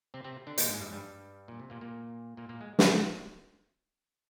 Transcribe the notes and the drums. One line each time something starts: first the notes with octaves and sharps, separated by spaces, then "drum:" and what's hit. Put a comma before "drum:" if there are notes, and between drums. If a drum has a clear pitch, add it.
C3 C4
C3 C4
D3 D4
A#2 A#3, drum: hi-hat
G#2 G#3
G2 G3
G2 G3
A#2
C3
A#2 A#3
A#2 A#3
A#2 A#3
A#2 A#3
G#3
drum: snare